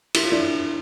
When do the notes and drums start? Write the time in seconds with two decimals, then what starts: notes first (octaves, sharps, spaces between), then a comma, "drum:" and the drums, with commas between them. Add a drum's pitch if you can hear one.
0.15 E4, drum: cymbal
0.23 F4
0.32 D4 E4